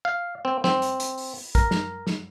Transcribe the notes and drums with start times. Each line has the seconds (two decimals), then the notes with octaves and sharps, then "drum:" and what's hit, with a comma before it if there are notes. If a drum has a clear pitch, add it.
0.05 F5
0.45 C4
0.64 C4, drum: snare
0.82 drum: hi-hat
1.00 drum: hi-hat
1.18 drum: open hi-hat
1.35 drum: open hi-hat
1.55 A#4, drum: kick, hi-hat
1.71 drum: snare
2.07 drum: snare